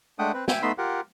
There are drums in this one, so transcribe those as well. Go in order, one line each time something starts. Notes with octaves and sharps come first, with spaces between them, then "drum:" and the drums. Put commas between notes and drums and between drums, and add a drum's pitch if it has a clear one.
G#3 A3 D4 F#5 G5 D#6
C4 B4
E5 G5 G#5, drum: snare
A3 B3 D#4 B5 C6 E6
F4 G4 A#4 F#5